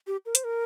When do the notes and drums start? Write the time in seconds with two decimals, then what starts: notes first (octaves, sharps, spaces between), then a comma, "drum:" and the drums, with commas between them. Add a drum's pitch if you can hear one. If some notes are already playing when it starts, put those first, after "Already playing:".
0.07 G4
0.26 A#4
0.35 C5, drum: hi-hat
0.44 A#4